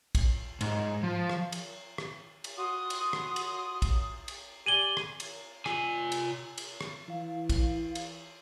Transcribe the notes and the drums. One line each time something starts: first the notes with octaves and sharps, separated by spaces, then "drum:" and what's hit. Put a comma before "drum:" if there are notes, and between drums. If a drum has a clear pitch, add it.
drum: kick, cymbal
G#2, drum: cymbal
F3
drum: rim click
drum: cymbal
drum: rim click
drum: cymbal
F#4 C6 D#6
drum: cymbal
drum: rim click
drum: cymbal
drum: kick, cymbal
drum: cymbal
G4 D5 G#5 D#7 F#7 G7
drum: rim click
drum: cymbal
F4 G#5, drum: rim click
drum: cymbal
drum: cymbal
drum: rim click
E3 E4 F5
drum: kick, cymbal
drum: cymbal